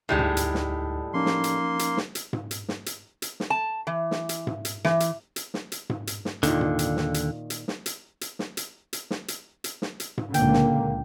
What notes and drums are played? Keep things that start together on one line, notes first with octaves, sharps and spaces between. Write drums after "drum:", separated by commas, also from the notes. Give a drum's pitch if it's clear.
D2 A2 G3 G#3 D#4
drum: tom G#2
drum: hi-hat
drum: snare
F3 A#3 C#4 D#4 C6
drum: snare
drum: hi-hat
drum: hi-hat
drum: snare
drum: hi-hat
drum: tom G#2
drum: hi-hat
drum: snare
drum: hi-hat
drum: hi-hat
drum: snare
A5
E3
drum: snare
drum: hi-hat
drum: tom G#2
drum: hi-hat
E3, drum: snare
drum: hi-hat
drum: hi-hat
drum: snare
drum: hi-hat
drum: tom G#2
drum: hi-hat
drum: snare
D#2 A#2 D3 D#3 A#3, drum: hi-hat
drum: tom G#2
drum: hi-hat
drum: snare
drum: hi-hat
drum: hi-hat
drum: snare
drum: hi-hat
drum: hi-hat
drum: snare
drum: hi-hat
drum: hi-hat
drum: snare
drum: hi-hat
drum: hi-hat
drum: snare
drum: hi-hat
drum: tom G#2
C#2 A#2 D3 A#3 G5, drum: hi-hat
drum: snare